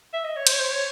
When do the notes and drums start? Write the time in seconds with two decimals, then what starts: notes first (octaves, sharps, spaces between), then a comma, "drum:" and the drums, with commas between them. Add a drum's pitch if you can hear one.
0.13 E5
0.24 D#5
0.36 C#5
0.47 C5, drum: cymbal
0.53 C#5
0.60 C5
0.71 C#5